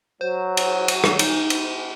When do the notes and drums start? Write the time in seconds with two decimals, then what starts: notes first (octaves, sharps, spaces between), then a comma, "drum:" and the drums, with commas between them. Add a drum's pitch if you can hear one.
0.21 F#3 C5
0.57 drum: cymbal
0.88 drum: cymbal
1.04 drum: rim click
1.19 D#4, drum: cymbal
1.50 drum: cymbal